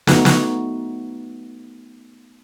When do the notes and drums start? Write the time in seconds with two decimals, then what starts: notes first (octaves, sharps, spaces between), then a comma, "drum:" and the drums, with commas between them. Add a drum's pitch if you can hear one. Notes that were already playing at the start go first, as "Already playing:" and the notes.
0.07 A3 B3 D#4 F#4, drum: snare
0.25 drum: snare